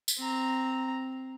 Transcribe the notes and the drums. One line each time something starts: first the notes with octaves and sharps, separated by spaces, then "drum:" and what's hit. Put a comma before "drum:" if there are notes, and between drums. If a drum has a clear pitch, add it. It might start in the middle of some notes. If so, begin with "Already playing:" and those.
drum: tambourine
C4 A#5